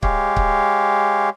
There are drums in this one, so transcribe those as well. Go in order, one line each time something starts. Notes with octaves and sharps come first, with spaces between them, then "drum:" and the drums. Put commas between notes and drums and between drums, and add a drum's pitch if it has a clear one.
G#3 G4 C#5 F5, drum: kick C#1
drum: kick C#1